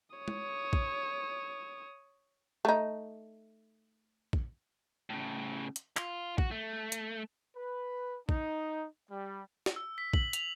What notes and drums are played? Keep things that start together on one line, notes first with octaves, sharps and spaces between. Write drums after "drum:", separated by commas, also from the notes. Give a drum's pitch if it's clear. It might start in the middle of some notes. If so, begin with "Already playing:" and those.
C#5 D#6
drum: tom G#3
drum: kick A#1
A3 D#4
drum: kick A#1
A2 C#3
drum: hi-hat
F4, drum: clap
F#4, drum: kick A#1
A3
drum: hi-hat
B4
D#4, drum: kick A#1
G3
drum: snare
E6
B6
F#7, drum: kick A#1
F7, drum: hi-hat